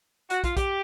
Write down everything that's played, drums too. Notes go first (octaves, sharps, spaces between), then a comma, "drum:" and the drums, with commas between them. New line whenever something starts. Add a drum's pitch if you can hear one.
F#4, drum: hi-hat
F4, drum: kick, hi-hat
G4, drum: kick, hi-hat